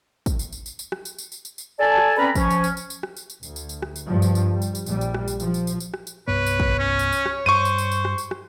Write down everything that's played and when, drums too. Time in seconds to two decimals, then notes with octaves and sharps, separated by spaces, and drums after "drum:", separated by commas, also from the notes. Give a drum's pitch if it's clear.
0.26 drum: kick, tambourine
0.39 drum: tambourine
0.53 drum: tambourine
0.66 drum: tambourine
0.79 drum: tambourine
0.92 drum: rim click
1.05 drum: tambourine
1.19 drum: tambourine
1.32 drum: tambourine
1.45 drum: tambourine
1.58 drum: tambourine
1.80 A4 D5 G#5 A5
1.98 drum: rim click
2.18 C4 C#4 B4 D5 A#5 B5
2.35 F3 C#4, drum: kick, tambourine
2.50 drum: tambourine
2.64 drum: tambourine
2.77 drum: tambourine
2.90 drum: tambourine
3.03 drum: rim click
3.16 drum: tambourine
3.30 drum: tambourine
3.43 D2, drum: tambourine
3.56 drum: tambourine
3.69 drum: tambourine
3.82 drum: rim click
3.96 drum: tambourine
4.06 G2 F3
4.22 drum: tambourine
4.35 drum: tambourine
4.52 G3
4.62 drum: tambourine
4.75 drum: tambourine
4.86 A#1 G3, drum: tambourine
5.01 drum: tambourine
5.14 drum: rim click
5.28 drum: tambourine
5.40 F3, drum: tambourine
5.54 drum: tambourine
5.67 drum: tambourine
5.80 drum: tambourine
5.94 drum: rim click
6.07 drum: tambourine
6.28 C2 G2 B3 B4 C#5
6.46 drum: tambourine
6.60 drum: kick
6.79 C#4
6.99 drum: tambourine
7.12 drum: tambourine
7.26 drum: rim click
7.46 G2 C5 C#6 D#7
7.65 drum: tambourine
7.78 drum: tambourine
7.92 drum: tambourine
8.05 drum: rim click
8.18 drum: tambourine
8.31 drum: rim click